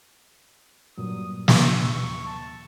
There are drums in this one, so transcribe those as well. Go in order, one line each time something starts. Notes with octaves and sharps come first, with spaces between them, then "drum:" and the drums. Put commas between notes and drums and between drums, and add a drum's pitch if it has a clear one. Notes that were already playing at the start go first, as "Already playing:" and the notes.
G2 A#2 F#3 D#6
E6, drum: snare
D#2 C#6
A5